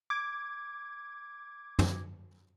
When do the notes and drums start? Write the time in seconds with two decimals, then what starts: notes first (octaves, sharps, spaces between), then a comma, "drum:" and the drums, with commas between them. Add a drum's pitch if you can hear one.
0.10 D6 G#6
1.79 drum: tom